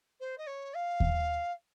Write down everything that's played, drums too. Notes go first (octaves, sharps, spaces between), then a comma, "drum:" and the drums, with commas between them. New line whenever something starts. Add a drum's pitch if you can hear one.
C5
D#5
C#5
F5
drum: kick D#2